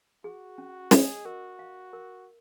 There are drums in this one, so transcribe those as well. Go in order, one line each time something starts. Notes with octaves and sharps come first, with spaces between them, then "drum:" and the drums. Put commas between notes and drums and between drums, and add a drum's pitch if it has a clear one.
F#4 G#4
C#4
G#4 D#5, drum: snare
F#4 A#4
F5
A#4